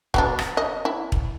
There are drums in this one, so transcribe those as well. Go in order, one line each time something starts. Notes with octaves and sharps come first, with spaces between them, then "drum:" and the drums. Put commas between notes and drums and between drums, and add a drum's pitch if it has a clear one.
F#3 B3 D4, drum: kick
drum: rim click
D#5
E4
drum: kick